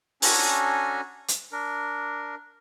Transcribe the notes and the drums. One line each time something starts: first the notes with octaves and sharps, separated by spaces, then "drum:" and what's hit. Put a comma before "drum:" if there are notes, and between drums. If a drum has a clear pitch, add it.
C#4 D4 F#4 A4 G#5 A#5, drum: open hi-hat
drum: hi-hat
D4 A#4